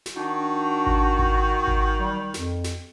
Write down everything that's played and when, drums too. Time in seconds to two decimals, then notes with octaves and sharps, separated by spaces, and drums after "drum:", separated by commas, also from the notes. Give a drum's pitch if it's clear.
0.06 drum: snare
0.16 D#3 D4 F#4
0.87 drum: kick G#1
1.19 drum: kick G#1
1.67 drum: kick G#1
2.00 G3
2.34 F2, drum: snare
2.64 drum: snare